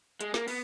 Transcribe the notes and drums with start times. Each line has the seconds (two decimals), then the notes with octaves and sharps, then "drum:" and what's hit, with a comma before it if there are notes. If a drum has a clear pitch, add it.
0.21 G#3, drum: hi-hat
0.34 A#3, drum: snare
0.48 B3, drum: open hi-hat